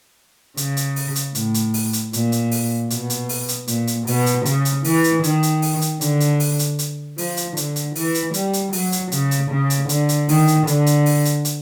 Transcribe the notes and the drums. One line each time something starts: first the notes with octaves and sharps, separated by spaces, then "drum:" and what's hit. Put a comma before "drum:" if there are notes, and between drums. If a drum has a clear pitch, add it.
C#3, drum: hi-hat
drum: hi-hat
drum: open hi-hat
drum: hi-hat
A2, drum: hi-hat
drum: hi-hat
drum: open hi-hat
drum: hi-hat
A#2, drum: hi-hat
drum: hi-hat
drum: open hi-hat
B2, drum: hi-hat
drum: hi-hat
drum: open hi-hat
drum: hi-hat
A#2, drum: hi-hat
drum: hi-hat
B2, drum: open hi-hat
drum: hi-hat
C#3, drum: hi-hat
drum: hi-hat
E3, drum: open hi-hat
drum: hi-hat
D#3, drum: hi-hat
drum: hi-hat
drum: open hi-hat
drum: hi-hat
D3, drum: hi-hat
drum: hi-hat
drum: open hi-hat
drum: hi-hat
drum: hi-hat
F3, drum: open hi-hat
drum: hi-hat
D3, drum: hi-hat
drum: hi-hat
E3, drum: open hi-hat
drum: hi-hat
G3, drum: hi-hat
drum: hi-hat
F#3, drum: open hi-hat
drum: hi-hat
C#3, drum: hi-hat
drum: hi-hat
C#3
drum: hi-hat
D3, drum: hi-hat
drum: hi-hat
D#3, drum: open hi-hat
drum: hi-hat
D3, drum: hi-hat
drum: hi-hat
drum: open hi-hat
drum: hi-hat
drum: hi-hat